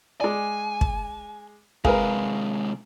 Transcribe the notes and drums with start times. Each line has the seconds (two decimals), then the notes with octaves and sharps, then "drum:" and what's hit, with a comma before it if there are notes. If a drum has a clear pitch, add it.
0.21 G#3 D5 G#5
0.81 drum: kick
1.85 C3 G#3 G#4 A#4 B4 F5, drum: kick